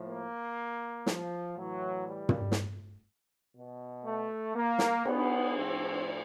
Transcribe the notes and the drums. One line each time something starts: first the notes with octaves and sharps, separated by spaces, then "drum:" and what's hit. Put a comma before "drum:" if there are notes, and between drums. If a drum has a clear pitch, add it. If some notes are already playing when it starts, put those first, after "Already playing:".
Already playing: A2 F3
A#3
F3, drum: snare
A2 E3 F#3
G3
drum: tom
drum: snare
B2
A3
A#3
drum: snare
B3, drum: cymbal
A2 F3 C4